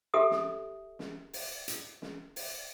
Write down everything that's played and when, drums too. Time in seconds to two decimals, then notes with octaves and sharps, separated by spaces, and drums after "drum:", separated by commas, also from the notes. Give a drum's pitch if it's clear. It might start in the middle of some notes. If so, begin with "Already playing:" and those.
0.14 G4 A4 E5 D#6
0.31 drum: snare
0.99 drum: snare
1.33 drum: open hi-hat
1.68 drum: hi-hat
2.02 drum: snare
2.36 drum: open hi-hat